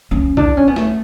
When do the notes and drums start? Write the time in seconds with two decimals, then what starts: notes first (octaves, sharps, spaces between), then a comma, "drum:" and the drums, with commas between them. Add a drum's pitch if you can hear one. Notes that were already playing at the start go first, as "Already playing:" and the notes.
0.11 C#4
0.37 D4, drum: kick A#1
0.57 C#4
0.68 B3
0.76 A3, drum: snare